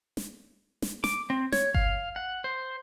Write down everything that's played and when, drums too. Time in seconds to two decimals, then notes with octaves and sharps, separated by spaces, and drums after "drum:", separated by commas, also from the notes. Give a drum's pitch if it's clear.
0.17 drum: snare
0.82 drum: snare
1.04 D6, drum: snare
1.30 C4
1.52 C#5, drum: snare
1.74 F5, drum: kick G1
2.16 F#5
2.44 C5